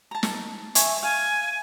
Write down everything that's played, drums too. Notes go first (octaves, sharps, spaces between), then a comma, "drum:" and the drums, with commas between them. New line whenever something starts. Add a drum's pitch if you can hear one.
A5 A#5
drum: snare
E5 G#5 C#6, drum: hi-hat
F5 G#5